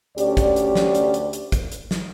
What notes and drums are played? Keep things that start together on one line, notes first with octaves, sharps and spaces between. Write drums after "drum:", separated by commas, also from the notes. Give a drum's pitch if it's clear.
D2 C#4 G4 D5, drum: hi-hat
drum: kick, hi-hat
drum: hi-hat
drum: snare
drum: hi-hat
drum: hi-hat
drum: hi-hat
drum: kick, hi-hat
drum: hi-hat
drum: snare